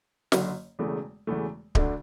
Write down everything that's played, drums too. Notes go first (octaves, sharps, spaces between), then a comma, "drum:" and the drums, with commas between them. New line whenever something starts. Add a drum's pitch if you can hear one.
F#1 F#2 D3 F#3, drum: snare
E1 E2 C#3 E3 A3
E1 E2 C#3 E3 A3
D2 D3 A3 D4, drum: kick D1